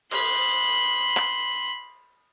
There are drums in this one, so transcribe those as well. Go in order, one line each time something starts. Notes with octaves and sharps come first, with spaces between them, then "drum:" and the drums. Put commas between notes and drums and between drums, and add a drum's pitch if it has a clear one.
B5 C6, drum: cymbal
drum: clap